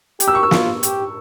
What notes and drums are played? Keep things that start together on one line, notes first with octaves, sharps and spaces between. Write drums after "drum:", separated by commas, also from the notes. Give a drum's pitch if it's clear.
G4, drum: hi-hat
E6
C#6
E6
F4, drum: snare
G4, drum: hi-hat